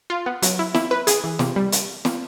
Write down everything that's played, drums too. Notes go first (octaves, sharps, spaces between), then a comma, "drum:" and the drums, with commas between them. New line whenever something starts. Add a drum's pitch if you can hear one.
F4
B3
F#3, drum: hi-hat
E4
E4, drum: snare
B4
G#4, drum: hi-hat
E3
C3, drum: snare
G3
drum: hi-hat
drum: snare